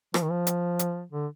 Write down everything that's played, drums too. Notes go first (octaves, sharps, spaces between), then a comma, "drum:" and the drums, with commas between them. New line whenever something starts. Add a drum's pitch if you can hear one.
F3, drum: rim click
D#3
F3
drum: hi-hat
drum: hi-hat
D3